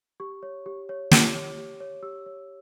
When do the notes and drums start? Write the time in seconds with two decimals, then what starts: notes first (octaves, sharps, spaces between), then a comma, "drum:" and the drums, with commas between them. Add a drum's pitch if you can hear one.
0.20 G4 C#6
0.43 C#5
0.66 G4
0.89 C#5
1.11 G4 D6, drum: snare
1.34 C#5
1.58 G4
1.80 C#5
2.03 G4 E6
2.26 C#5